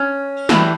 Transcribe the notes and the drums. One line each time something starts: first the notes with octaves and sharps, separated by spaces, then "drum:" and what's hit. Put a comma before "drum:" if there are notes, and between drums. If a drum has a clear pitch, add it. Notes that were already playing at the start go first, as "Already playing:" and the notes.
Already playing: C#4
A2 E3 G3, drum: snare